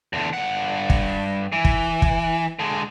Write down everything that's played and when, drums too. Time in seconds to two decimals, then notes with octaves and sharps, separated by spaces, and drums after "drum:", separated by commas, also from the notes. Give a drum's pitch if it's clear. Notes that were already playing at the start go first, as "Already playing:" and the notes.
0.13 E2 D3
0.33 G2 F#5
0.90 drum: kick
1.52 E3
1.65 drum: kick
2.02 drum: kick
2.59 D3 G#3